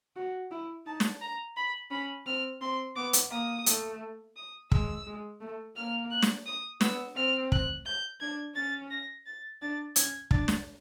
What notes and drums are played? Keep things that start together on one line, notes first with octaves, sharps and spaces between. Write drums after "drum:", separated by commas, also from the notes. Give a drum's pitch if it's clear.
F#4
E4
D#4 A5
drum: snare
A#5
B5
C#4 B5
C4 F6
C4 C6
B3 D6
drum: hi-hat
A#3 D#6
A3, drum: hi-hat
D#6
G#3 E6, drum: kick
G#3
A3
A#3 F6
F#6
drum: snare
D#6
B3 E6, drum: snare
C4 F6
F#6, drum: kick
G6
D4 G#6
C#4 A6
A#6
A6
D4 A6
C#4 G#6, drum: hi-hat
D4 A6, drum: kick
drum: snare